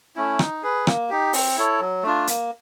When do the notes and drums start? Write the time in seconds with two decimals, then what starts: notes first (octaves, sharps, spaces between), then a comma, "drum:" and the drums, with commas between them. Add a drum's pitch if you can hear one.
0.16 A3 C#4 E4
0.39 D#4, drum: rim click
0.63 G#4 B4
0.87 A#3, drum: rim click
1.10 D#4 G4
1.33 C4, drum: open hi-hat
1.57 E4 A4 C#5
1.80 F#3
2.03 A3 D4 F4
2.27 A#3, drum: hi-hat